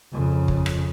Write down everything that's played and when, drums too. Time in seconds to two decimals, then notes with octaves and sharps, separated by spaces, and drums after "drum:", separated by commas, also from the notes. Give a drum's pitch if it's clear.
0.13 F2 C#3
0.48 drum: kick
0.66 drum: rim click